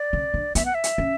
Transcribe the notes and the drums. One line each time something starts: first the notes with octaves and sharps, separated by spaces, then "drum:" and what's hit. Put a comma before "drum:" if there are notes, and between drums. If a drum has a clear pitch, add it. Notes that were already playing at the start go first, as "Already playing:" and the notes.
Already playing: D5
C#3
D3
B3 E5, drum: hi-hat
F#5
E5
drum: hi-hat
C#4